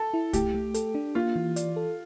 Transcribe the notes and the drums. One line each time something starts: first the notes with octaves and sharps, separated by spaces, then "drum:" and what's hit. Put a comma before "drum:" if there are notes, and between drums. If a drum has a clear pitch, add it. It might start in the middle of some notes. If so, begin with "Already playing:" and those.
Already playing: A4
E4
A3 G4, drum: kick C2, hi-hat
A3
A4, drum: hi-hat
D4
A#3 F4
E3
D5, drum: hi-hat
A4